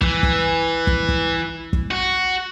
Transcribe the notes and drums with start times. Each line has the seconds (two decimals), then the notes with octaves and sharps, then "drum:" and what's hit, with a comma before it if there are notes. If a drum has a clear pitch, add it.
0.01 E3, drum: kick
0.23 drum: kick
0.87 drum: kick
1.09 drum: kick
1.73 drum: kick
1.91 F#4